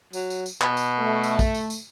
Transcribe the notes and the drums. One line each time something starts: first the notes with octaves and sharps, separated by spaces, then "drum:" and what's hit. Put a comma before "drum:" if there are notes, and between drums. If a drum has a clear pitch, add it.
F#3, drum: tambourine
drum: tambourine
drum: tambourine
B2, drum: clap
drum: tambourine
A3
drum: tambourine
drum: kick, tambourine
drum: tambourine
drum: tambourine